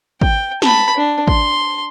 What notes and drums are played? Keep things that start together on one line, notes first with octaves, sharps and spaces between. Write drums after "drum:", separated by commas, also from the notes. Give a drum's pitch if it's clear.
G5, drum: kick G#1
A5 B5, drum: snare
D4
C6, drum: kick G#1